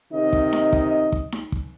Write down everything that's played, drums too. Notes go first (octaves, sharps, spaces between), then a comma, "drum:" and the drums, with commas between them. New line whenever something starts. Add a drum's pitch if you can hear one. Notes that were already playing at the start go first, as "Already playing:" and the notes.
C3 D#3 D#4 D#5
drum: kick
drum: snare D#4
drum: kick
drum: kick
drum: snare D#4
drum: kick